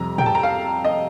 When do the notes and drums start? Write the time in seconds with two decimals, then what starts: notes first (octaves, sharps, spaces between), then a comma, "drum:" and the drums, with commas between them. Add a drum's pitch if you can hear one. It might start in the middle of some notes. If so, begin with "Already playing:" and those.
Already playing: F2 C3 G3 A#5
0.18 G5, drum: tom
0.26 A5
0.35 A#5
0.43 F5
0.84 D#5